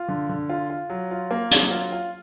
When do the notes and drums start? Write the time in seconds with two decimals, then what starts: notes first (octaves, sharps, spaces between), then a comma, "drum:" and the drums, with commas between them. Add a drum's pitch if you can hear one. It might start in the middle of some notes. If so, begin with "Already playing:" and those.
Already playing: F4
0.08 D3
0.29 D3
0.49 F4
0.70 F4
0.90 F#3
1.11 F4
1.31 A#3
1.51 F#3, drum: hi-hat
1.71 F4
1.92 F4